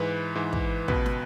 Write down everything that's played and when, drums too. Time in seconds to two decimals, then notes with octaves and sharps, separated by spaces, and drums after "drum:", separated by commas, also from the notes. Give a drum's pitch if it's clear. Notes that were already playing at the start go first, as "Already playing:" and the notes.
Already playing: G#2 E3 B4
0.35 G#2 E3
0.53 drum: kick
0.88 C#2 B2 B4, drum: kick
1.06 drum: snare